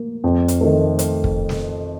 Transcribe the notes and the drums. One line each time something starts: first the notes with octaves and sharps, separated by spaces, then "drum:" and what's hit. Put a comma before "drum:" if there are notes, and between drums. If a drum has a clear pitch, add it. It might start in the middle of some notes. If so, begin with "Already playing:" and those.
Already playing: A#3
F2
drum: hi-hat
D#3 A3
drum: hi-hat
drum: kick
drum: snare